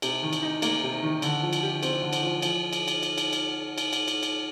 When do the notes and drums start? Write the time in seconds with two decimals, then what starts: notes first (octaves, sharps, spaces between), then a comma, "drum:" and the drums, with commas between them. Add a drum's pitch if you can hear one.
0.02 C3, drum: cymbal
0.23 D#3
0.33 drum: cymbal
0.42 D#4
0.62 A#3, drum: cymbal
0.83 C3
1.03 D#3
1.22 D3, drum: cymbal
1.43 F3
1.53 drum: cymbal
1.63 G4
1.83 C4, drum: cymbal
2.02 D3
2.13 drum: cymbal
2.23 F3
2.42 F3, drum: cymbal
2.73 drum: cymbal
2.88 drum: cymbal
3.03 drum: cymbal
3.18 drum: cymbal
3.33 drum: cymbal
3.78 drum: cymbal
3.93 drum: cymbal
4.08 drum: cymbal
4.23 drum: cymbal